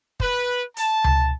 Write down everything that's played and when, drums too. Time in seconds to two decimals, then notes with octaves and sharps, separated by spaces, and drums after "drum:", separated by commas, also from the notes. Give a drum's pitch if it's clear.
0.20 B4, drum: kick
0.77 A5, drum: hi-hat
1.04 drum: tom C#2